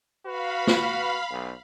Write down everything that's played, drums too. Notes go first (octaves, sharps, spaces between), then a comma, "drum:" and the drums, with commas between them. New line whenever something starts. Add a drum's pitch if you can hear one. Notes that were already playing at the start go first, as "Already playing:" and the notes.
F#4 B4 F5 B5
drum: snare
B1